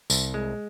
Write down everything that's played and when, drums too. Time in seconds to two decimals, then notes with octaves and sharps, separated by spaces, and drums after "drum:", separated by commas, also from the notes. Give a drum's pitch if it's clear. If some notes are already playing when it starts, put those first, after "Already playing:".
0.10 C2, drum: tambourine
0.34 G#3